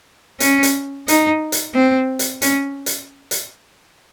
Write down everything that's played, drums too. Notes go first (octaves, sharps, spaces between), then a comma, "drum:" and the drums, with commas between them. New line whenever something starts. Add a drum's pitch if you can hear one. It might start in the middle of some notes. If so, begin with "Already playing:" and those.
C#4, drum: hi-hat
drum: hi-hat
D#4, drum: hi-hat
drum: hi-hat
C4
drum: hi-hat
C#4, drum: hi-hat
drum: hi-hat
drum: hi-hat